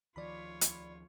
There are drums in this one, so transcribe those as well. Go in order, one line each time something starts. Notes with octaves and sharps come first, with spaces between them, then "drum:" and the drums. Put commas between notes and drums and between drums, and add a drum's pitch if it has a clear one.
D2 D#3 F3 F4 C#5 D5 B5
drum: hi-hat